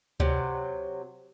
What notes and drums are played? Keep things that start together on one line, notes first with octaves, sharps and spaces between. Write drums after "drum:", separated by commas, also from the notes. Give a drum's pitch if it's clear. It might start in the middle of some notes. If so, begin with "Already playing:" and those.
C3 F#3, drum: kick C#2